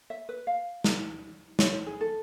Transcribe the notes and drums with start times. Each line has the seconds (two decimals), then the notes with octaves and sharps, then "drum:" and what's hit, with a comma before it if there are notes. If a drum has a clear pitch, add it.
0.10 E5
0.29 B4
0.47 F5
0.84 drum: snare
1.59 C#5, drum: snare
1.72 C5
1.86 G#4
2.01 A4